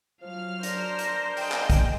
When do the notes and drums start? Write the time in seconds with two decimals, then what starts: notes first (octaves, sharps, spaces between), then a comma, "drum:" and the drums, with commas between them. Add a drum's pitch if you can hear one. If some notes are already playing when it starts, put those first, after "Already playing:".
0.21 F3 F#3 F5 F6
0.63 D4 A#4 C5 A#6, drum: hi-hat
0.99 drum: hi-hat
1.37 G#4 D#5 G5, drum: open hi-hat
1.52 drum: clap
1.70 drum: kick, hi-hat